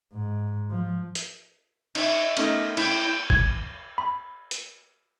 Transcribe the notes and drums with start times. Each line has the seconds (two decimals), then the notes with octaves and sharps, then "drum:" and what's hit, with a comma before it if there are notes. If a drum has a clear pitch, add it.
0.13 G#2
0.70 F3
1.15 drum: hi-hat
1.95 D#4 E5 C#6, drum: cymbal
2.37 A3 B3 C#4 D#4 A#4, drum: cymbal
2.77 E4 G5, drum: cymbal
3.30 G#6, drum: kick
3.98 B5
4.51 drum: hi-hat